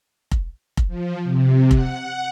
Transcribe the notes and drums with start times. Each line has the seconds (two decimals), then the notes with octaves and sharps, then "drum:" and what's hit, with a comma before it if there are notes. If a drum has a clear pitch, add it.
0.31 drum: kick F1
0.77 drum: kick F1
0.88 F3
1.23 C3
1.71 F#5, drum: kick F1